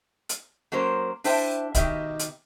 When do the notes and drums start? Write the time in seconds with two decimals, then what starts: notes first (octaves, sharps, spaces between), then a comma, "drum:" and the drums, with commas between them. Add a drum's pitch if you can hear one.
0.29 drum: hi-hat
0.72 F#3 A#3 C#4 A#4 C5
1.24 D4 E4 C5 E5 G5, drum: open hi-hat
1.74 B2 D#3 G4 D#5 E5, drum: kick C#1, hi-hat
2.19 drum: hi-hat